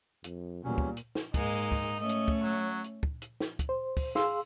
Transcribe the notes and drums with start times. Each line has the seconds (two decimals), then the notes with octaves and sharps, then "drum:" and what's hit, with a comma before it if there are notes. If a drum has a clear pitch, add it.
0.24 F2, drum: hi-hat
0.64 E2 A#2 F#3 G3 C#4
0.78 drum: kick
0.97 drum: hi-hat
1.15 drum: snare
1.34 G#2 G#3 A#3 D#4, drum: kick, hi-hat
1.72 drum: kick, open hi-hat
1.99 A3 C#4 D#5
2.09 drum: hi-hat
2.28 drum: kick
2.42 F#3
2.84 drum: hi-hat
3.03 drum: kick
3.22 drum: hi-hat
3.40 drum: snare
3.59 drum: kick, hi-hat
3.69 C5
3.97 drum: kick, open hi-hat
4.15 G#4 F5 C6 E6, drum: snare